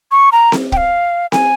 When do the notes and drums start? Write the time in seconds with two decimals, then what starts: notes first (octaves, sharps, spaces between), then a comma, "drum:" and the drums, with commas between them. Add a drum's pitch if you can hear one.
0.12 C#6
0.32 A#5
0.52 drum: snare C4
0.72 G5, drum: kick
0.77 F5
1.32 G#5, drum: snare C4